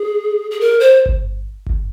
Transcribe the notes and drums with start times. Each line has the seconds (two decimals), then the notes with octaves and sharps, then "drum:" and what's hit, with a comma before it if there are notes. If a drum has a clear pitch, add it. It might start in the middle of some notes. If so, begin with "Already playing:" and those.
Already playing: G#4
0.51 G#4
0.61 A#4
0.80 C5
1.06 drum: kick G1
1.66 drum: kick G1